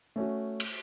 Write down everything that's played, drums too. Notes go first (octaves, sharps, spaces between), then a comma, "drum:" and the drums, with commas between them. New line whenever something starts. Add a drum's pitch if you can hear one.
A3 C#4 F#4
drum: cymbal